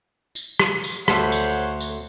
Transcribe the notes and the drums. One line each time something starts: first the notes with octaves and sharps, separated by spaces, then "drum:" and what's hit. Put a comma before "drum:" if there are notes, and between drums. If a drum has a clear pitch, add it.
drum: tambourine
drum: rim click
drum: tambourine
D2 A4 C5 C#5 F#5 B5 C6, drum: rim click
drum: tambourine
drum: tambourine